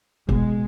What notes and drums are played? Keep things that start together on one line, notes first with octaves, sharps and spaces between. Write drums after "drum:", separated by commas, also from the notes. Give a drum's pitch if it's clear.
B2 G#3, drum: kick F1